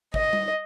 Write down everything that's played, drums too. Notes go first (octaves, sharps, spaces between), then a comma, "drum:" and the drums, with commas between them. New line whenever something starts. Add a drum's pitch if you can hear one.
D#5, drum: kick
drum: tom G3